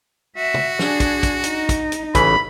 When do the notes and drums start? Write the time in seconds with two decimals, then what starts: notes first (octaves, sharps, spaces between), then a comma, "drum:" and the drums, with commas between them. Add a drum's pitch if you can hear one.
0.37 F#4 E5
0.54 drum: tom
0.79 D4 G#4, drum: snare
1.00 drum: kick, hi-hat
1.23 drum: kick, hi-hat
1.44 D#4, drum: hi-hat
1.69 drum: kick, hi-hat
1.92 drum: hi-hat
2.15 A1 C#3 E3 B5, drum: kick, hi-hat